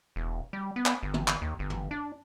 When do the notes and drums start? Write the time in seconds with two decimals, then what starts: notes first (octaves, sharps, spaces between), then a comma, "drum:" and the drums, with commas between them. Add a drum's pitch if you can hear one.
0.16 E1
0.53 G3
0.76 B3
0.86 drum: clap
1.03 G1
1.14 drum: tom
1.28 drum: clap
1.42 D#2
1.59 G1
1.70 drum: tom
1.91 D4